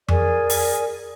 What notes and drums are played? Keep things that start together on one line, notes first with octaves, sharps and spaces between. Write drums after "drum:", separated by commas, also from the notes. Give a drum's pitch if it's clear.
G#4 A#4 D5 G#5, drum: tom F2
drum: open hi-hat